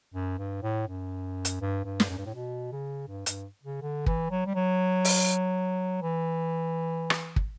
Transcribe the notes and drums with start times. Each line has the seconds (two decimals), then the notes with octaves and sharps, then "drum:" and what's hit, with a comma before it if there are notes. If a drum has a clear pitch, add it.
0.14 F#2
0.38 G2
0.63 A2
0.88 F#2
1.45 drum: hi-hat
1.61 G2
1.85 G2
2.00 drum: snare
2.10 F#2
2.18 G2
2.26 A2
2.34 B2
2.72 C#3
3.08 G2
3.26 G2, drum: hi-hat
3.63 C#3
3.82 D3
4.06 E3, drum: kick
4.31 F#3
4.46 G3
4.55 F#3
5.05 drum: open hi-hat
6.02 E3
7.10 drum: rim click
7.36 drum: kick